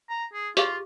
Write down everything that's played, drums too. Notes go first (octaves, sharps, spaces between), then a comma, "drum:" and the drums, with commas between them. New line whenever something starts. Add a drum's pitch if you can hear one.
A#5
G#4
F4 G4 G#4 F5, drum: hi-hat